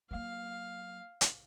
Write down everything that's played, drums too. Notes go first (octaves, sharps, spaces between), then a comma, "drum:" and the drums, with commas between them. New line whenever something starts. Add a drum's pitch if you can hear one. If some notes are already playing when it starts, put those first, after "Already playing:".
F#3 A#3 F5
drum: hi-hat